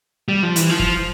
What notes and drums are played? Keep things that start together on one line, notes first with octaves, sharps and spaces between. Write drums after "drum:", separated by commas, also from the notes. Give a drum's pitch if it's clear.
G3
F3
E3, drum: hi-hat
F3
drum: kick